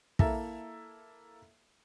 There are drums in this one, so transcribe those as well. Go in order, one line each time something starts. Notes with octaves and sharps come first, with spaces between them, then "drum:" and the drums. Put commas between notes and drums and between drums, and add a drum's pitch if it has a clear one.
A#3 E4 A4 E5 A5 A#5, drum: kick